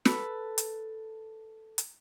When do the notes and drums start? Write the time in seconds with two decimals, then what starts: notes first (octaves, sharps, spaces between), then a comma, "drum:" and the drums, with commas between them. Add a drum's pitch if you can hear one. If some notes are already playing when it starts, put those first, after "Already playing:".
0.05 A4 B4, drum: snare
0.58 drum: hi-hat
1.78 drum: hi-hat